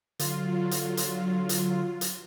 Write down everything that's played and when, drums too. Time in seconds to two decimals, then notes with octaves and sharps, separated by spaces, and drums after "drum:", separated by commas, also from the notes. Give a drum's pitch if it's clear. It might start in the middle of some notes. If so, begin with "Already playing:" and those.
0.19 D3 F#3 F4, drum: hi-hat
0.71 drum: hi-hat
0.97 drum: hi-hat
1.49 drum: hi-hat
2.01 drum: hi-hat